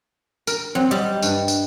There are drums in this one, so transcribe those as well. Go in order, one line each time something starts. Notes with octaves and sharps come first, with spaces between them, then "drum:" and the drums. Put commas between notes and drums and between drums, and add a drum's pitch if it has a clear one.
A#4, drum: tambourine
F#3 C4
G3 G4 D#5
G2, drum: tambourine
drum: tambourine